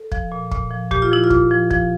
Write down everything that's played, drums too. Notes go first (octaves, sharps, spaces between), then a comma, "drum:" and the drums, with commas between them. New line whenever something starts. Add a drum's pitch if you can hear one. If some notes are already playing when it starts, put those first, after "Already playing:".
Already playing: A4
F3, drum: kick
A#2
A#2, drum: kick
F3
A#2 G4, drum: kick
F4
F3 E4
F4
A#2, drum: kick
F3
F3, drum: kick